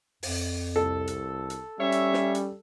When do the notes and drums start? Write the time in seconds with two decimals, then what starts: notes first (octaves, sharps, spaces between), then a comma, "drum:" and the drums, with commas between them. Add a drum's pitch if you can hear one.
0.23 F2, drum: open hi-hat
0.76 C2 A4
1.07 drum: hi-hat
1.50 drum: hi-hat
1.79 G3 C#4 C#5 E5
1.92 drum: hi-hat
2.13 drum: snare
2.35 drum: hi-hat